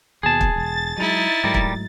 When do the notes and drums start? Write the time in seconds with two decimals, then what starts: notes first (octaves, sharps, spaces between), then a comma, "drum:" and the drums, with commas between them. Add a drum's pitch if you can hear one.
0.23 D#2 B2 G#4 A5
0.41 drum: kick
0.56 E1 A6
0.97 F#3 G#3 D#4 E4
1.44 G#2 F#3 G3 A3 A#4
1.54 drum: kick